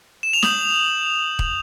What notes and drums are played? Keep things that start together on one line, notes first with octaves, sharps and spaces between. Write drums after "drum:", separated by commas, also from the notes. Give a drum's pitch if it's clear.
E7
F7
D#6 G6 F#7, drum: snare
drum: kick